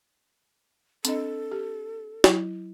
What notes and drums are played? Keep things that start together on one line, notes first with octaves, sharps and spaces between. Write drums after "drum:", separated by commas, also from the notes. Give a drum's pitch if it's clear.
C4 D4 A4 D#5, drum: hi-hat
G4
F#3 E4, drum: snare